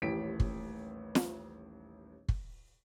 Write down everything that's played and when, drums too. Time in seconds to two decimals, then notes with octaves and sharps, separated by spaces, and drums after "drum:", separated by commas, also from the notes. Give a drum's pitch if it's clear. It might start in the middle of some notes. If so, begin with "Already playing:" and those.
0.02 D#1 A1 A2 G4 B6 D7
0.40 drum: kick
1.15 drum: snare
2.29 drum: kick